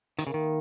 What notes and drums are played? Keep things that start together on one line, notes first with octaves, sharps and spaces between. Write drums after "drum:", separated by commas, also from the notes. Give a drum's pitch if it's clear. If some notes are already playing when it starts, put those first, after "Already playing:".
D#3 A#3 E4 A#4, drum: hi-hat
C#3
D#3